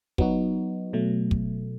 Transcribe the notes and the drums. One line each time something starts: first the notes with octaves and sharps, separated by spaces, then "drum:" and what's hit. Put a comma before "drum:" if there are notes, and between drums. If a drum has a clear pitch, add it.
F#3 B3 D#4 F#4, drum: kick
B2 F#3 A3
drum: kick